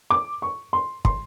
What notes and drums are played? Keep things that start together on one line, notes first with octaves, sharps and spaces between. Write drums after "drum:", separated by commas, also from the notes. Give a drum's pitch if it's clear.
D6
C#6
C6
C6, drum: kick